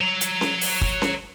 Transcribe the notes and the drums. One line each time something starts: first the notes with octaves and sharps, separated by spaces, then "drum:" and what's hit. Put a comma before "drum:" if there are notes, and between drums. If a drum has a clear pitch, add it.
C#5 A#5
drum: hi-hat
drum: snare C#4
drum: open hi-hat
drum: kick
drum: snare C#4